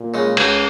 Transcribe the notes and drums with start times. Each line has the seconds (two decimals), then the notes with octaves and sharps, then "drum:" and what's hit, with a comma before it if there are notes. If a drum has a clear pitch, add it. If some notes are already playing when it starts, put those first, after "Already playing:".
Already playing: A#2
0.14 C#3 G#3
0.37 C#2 C#3, drum: cymbal